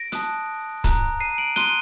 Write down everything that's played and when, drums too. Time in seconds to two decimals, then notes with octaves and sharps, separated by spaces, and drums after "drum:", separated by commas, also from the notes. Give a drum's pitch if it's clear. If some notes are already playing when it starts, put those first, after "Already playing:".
Already playing: A#6 D7
0.12 A5 D#6 F#6, drum: hi-hat
0.84 A#5 F#6, drum: kick, hi-hat
1.20 C7 D#7
1.38 D7 F#7
1.56 C6 D#6 F#6 D#7 G7, drum: hi-hat